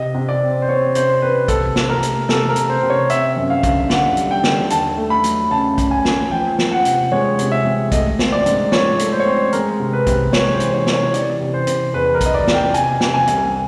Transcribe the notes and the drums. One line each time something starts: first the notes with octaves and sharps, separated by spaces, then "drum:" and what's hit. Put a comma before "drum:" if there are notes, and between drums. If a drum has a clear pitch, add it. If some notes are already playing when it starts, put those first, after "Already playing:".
Already playing: C3 D#5
C3
D5
C4
C5
C4 C#5
C3 C5, drum: hi-hat
C4 B4
C3 A4, drum: kick, hi-hat
C3, drum: snare
A#4
A3, drum: hi-hat
C3 A4, drum: snare
A#4
C3, drum: hi-hat
C5
C3
C#5
C4 E5, drum: hi-hat
F#2
F5
D3, drum: kick, hi-hat
D3 F#5, drum: snare
G3, drum: hi-hat
G5
D3, drum: snare
D#2 A5, drum: hi-hat
A3
B5
F#3, drum: hi-hat
C#3 A5
C#3, drum: kick, hi-hat
G#5
A3, drum: snare
F3 G5
F3, drum: snare
F#5
C3, drum: hi-hat
G#3 C#5
C3, drum: hi-hat
E5
G#3
A3 D#5, drum: kick, hi-hat
C4, drum: snare
D5
G#2, drum: hi-hat
F3 C#5, drum: snare
A3, drum: hi-hat
C5
C#5
C4 C5
G#3 A#4, drum: hi-hat
C3
B4
C3, drum: kick, hi-hat
G#3 C#5, drum: snare
C5
E3, drum: hi-hat
C#5
C3, drum: snare
C#5
E3 D5, drum: hi-hat
C3
C5
C3, drum: hi-hat
E2 B4
A#4
E2 D#5, drum: kick, hi-hat
D5
E3, drum: snare
G5
C3 G#5, drum: hi-hat
C3, drum: snare
G#5
C2, drum: hi-hat